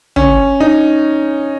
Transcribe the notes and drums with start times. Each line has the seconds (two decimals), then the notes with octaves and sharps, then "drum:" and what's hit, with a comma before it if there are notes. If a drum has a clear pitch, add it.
0.16 C#4, drum: tom
0.60 D#4